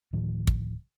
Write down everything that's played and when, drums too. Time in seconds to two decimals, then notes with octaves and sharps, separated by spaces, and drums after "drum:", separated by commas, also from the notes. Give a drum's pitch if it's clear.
0.13 D1 A2 D#3 F3
0.47 drum: kick